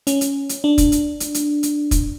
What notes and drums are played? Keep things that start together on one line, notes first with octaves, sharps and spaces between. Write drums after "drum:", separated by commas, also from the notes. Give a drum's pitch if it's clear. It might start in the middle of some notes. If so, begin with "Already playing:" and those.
C#4, drum: hi-hat
drum: hi-hat
drum: hi-hat
D4
drum: kick, hi-hat
drum: hi-hat
drum: hi-hat
drum: hi-hat
drum: hi-hat
drum: kick, hi-hat